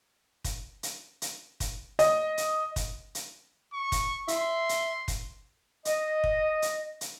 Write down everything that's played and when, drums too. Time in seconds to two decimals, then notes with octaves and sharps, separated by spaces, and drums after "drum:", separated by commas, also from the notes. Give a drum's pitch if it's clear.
0.44 drum: kick, hi-hat
0.83 drum: hi-hat
1.22 drum: hi-hat
1.60 drum: kick, hi-hat
1.99 D#5, drum: hi-hat
2.38 drum: hi-hat
2.76 drum: kick, hi-hat
3.15 drum: hi-hat
3.73 C#6
3.92 drum: kick, hi-hat
4.28 E5 C6, drum: hi-hat
4.69 drum: hi-hat
5.08 drum: kick, hi-hat
5.85 D#5, drum: hi-hat
6.24 drum: kick
6.62 drum: hi-hat
7.01 drum: hi-hat